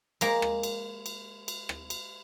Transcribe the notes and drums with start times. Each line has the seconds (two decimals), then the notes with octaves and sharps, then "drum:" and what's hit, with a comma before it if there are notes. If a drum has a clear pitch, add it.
0.21 G#3 A#3, drum: cymbal
0.42 drum: rim click
0.63 drum: cymbal
1.06 drum: cymbal
1.48 drum: cymbal
1.69 drum: rim click
1.90 drum: cymbal